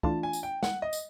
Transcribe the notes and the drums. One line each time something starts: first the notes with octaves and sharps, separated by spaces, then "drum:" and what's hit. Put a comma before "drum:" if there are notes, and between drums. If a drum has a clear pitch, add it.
E3 A3 D4 F4 A5, drum: kick
G#5
drum: tambourine
G5
F#5, drum: snare
D#5
drum: tambourine